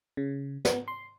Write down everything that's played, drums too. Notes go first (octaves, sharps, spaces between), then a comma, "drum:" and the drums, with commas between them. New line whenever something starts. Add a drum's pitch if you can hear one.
C#3
B3, drum: snare
C6